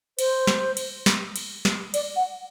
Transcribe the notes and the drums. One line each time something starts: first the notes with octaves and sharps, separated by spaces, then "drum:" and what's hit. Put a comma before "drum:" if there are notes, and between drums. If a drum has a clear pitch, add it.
C5, drum: cymbal
drum: snare
drum: cymbal
drum: snare
drum: cymbal
drum: snare
D5, drum: cymbal
F#5